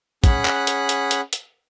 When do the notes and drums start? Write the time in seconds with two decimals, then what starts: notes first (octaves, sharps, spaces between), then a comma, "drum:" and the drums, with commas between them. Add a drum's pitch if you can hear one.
0.24 C#4 G#4 F#5 B5 F#6, drum: kick, hi-hat
0.45 drum: clap
0.67 drum: hi-hat
0.89 drum: hi-hat
1.11 drum: hi-hat
1.33 drum: hi-hat